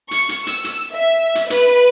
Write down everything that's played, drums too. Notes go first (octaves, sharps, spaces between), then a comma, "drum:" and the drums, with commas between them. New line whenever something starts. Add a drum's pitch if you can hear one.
C#6, drum: hi-hat
drum: hi-hat
E6, drum: hi-hat
drum: hi-hat
E5
drum: hi-hat
B4, drum: hi-hat